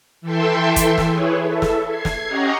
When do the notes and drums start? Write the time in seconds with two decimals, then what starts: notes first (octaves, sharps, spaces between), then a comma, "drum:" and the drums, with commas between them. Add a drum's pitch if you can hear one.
0.21 E3 A4 E5 G5 C6
0.76 drum: kick, hi-hat
0.98 drum: snare
1.07 E4 G#4 B4 C#5
1.46 A4 E5
1.62 drum: snare
1.87 G#6 C7
2.05 drum: snare
2.26 C#4 G4 C#5 D#5 F#5 A#5